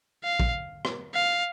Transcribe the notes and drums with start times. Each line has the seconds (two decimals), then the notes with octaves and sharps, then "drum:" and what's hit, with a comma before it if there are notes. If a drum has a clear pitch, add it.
0.24 F5
0.40 drum: kick A#1
0.85 drum: rim click
1.14 F5